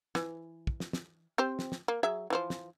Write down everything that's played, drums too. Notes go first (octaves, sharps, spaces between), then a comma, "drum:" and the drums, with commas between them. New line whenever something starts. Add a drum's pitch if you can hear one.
E3, drum: snare
drum: kick
drum: snare
drum: snare
C4 G4 C5
drum: snare
drum: snare
A#3
F#3 G#4 E5
E3 F3 C5
drum: snare